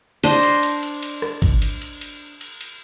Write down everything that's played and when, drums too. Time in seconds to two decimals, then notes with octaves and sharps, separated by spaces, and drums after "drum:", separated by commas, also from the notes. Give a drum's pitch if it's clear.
0.23 D4 C5 D#5, drum: cymbal
0.43 drum: cymbal
0.63 drum: cymbal
0.83 drum: cymbal
1.03 drum: cymbal
1.22 drum: rim click
1.42 drum: kick G#1, cymbal
1.62 drum: cymbal
1.82 drum: cymbal
2.01 drum: cymbal
2.41 drum: cymbal
2.61 drum: cymbal